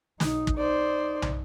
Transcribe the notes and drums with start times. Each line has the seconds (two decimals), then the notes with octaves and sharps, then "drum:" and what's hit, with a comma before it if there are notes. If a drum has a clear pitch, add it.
0.20 B1 D#4, drum: snare
0.47 drum: kick
0.58 D#4 C5 D5
1.22 drum: tom